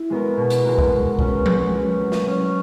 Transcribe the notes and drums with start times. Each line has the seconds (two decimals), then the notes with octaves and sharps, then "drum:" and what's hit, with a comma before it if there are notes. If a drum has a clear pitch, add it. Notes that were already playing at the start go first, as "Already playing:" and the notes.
Already playing: E4
0.10 G#3 B3 F#4 A#4
0.37 B2
0.50 drum: hi-hat
0.65 G#3 B3 F#4 A#4
0.78 drum: kick
0.92 G#3
1.19 C#4 F#4 B4, drum: kick
1.46 G#3, drum: tom F3
1.73 C#4 F#4 B4
2.00 F#3
2.12 drum: snare
2.26 C#4 F#4